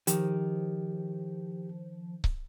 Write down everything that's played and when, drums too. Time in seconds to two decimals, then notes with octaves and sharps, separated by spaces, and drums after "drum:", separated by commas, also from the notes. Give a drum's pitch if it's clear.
0.07 D#3 F3 G4, drum: hi-hat
2.24 drum: kick C#1